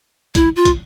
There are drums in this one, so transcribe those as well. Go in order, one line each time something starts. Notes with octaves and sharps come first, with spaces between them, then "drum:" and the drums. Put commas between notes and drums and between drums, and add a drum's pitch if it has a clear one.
E4, drum: kick, hi-hat
F4
drum: kick, hi-hat